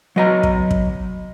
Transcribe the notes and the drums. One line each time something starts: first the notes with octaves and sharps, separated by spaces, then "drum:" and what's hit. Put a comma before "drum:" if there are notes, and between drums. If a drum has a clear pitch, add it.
F#3 D#5 A#5
drum: kick
drum: kick